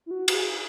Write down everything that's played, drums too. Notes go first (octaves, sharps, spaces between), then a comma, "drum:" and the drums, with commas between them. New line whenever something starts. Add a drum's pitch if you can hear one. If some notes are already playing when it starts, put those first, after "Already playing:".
E4
F#4
F#4, drum: cymbal
G#4